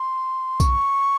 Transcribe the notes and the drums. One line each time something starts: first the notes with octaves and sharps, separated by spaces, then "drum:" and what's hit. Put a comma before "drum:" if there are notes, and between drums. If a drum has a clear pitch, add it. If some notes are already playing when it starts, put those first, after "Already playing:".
Already playing: C6
C#6, drum: kick B1, tambourine